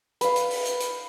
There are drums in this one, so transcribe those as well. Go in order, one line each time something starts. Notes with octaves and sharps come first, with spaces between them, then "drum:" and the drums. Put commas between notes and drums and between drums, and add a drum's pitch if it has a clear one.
B4 F5, drum: hi-hat
drum: hi-hat
drum: open hi-hat
drum: hi-hat
drum: hi-hat